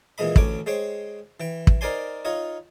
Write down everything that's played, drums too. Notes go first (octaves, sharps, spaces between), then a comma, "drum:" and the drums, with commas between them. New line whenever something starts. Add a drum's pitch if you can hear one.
A#2 E3 G#3 D#5 B5
A1 D2 C#4 C#5 D6, drum: kick
G#3 C5 C#5 G5
E3 G5
drum: kick
D#4 A#4 C5 D5 G#5 C6
D#4 F4 C#5 D#5